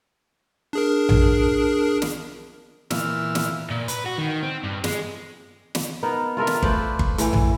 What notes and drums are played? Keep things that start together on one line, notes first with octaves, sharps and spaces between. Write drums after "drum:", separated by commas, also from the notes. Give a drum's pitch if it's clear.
D4 G#4 A#4
drum: tom A#1
drum: snare
A#2 E3 E6 F6, drum: snare
drum: snare
A#2
B4, drum: hi-hat
F#4
D#3
C4
G2
G#3, drum: snare
drum: snare
B3 D#4 A#4
F4 A4 A#4 E5
drum: snare
A3 B4 C5 D5, drum: kick G1
drum: kick G1
A2 E3, drum: hi-hat
drum: tom A#1